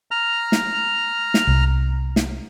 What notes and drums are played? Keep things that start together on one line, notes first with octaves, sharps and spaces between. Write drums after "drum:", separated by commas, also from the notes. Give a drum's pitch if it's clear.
A#5 F6
drum: snare
drum: snare
C2
drum: snare